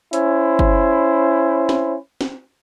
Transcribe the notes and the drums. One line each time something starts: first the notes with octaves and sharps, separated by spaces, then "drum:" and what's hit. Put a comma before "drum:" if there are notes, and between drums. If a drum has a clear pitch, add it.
C#4 E4 C5, drum: hi-hat
drum: kick G1
drum: snare
drum: snare